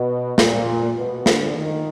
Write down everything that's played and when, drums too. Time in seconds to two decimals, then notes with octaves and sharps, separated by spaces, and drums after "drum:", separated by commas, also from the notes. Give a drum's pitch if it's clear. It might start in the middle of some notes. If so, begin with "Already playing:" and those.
Already playing: B2
0.38 A#2, drum: snare
0.97 B2
1.26 D3, drum: snare
1.55 D#3